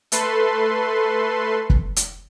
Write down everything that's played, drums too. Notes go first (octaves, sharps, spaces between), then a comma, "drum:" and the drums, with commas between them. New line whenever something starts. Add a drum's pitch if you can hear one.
A3 A4 B4 C6, drum: hi-hat
drum: kick
drum: hi-hat